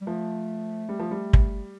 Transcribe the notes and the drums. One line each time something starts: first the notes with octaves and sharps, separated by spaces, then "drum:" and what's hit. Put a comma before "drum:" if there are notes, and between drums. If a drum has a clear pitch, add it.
G3
F3 A3
G3
F3
G3
drum: kick